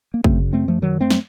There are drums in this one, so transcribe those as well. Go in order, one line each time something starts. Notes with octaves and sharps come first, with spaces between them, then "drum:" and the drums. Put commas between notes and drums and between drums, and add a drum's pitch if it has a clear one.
A#3
F#2 C#3 A3 C4, drum: kick
A3 C4
F3 A3
D#3 F#3
A3 C4
drum: snare